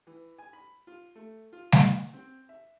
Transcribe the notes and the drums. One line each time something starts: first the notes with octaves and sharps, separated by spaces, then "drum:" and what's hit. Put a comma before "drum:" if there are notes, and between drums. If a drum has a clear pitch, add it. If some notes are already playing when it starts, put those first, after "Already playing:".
E3
G#5
B5
F4
A3
F4
drum: snare G3
F#5
C4
E5